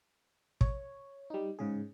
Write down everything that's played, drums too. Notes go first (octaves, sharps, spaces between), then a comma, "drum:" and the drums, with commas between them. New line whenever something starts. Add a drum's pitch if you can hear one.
C#5, drum: kick
G3 D#4
G#2 C#3 G#4